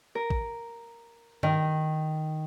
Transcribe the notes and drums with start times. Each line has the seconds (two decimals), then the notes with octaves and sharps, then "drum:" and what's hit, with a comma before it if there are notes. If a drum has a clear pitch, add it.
0.15 A#4
0.30 drum: kick
1.43 D#3, drum: tom